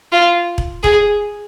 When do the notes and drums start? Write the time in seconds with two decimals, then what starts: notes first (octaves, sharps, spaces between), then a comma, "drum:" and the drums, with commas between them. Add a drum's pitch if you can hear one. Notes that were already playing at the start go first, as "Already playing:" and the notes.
0.12 F4
0.58 drum: kick E1
0.84 G#4, drum: kick E1